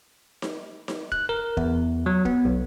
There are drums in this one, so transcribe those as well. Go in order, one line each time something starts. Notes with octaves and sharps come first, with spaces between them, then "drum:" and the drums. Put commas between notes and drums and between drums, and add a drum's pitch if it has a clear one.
drum: snare D#4
drum: snare D#4
F#6, drum: kick
A#4
E2, drum: kick
F#3
B3, drum: kick
B1